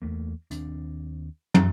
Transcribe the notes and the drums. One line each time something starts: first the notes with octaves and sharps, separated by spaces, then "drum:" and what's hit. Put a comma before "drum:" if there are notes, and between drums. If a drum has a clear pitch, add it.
E2 A3 A#3
D#2 C4 D4, drum: hi-hat
F#2, drum: tom